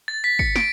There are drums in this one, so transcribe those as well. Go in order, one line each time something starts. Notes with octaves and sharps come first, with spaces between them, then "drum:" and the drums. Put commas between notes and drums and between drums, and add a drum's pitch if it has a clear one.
A6
B6
C#7, drum: kick
D7, drum: snare